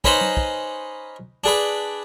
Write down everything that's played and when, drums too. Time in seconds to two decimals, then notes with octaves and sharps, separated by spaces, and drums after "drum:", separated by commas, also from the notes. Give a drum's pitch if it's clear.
0.04 C#4 D#4 B4 C5 D#5 B5, drum: kick
0.21 drum: tom
0.37 drum: kick
1.44 D4 G#4 B4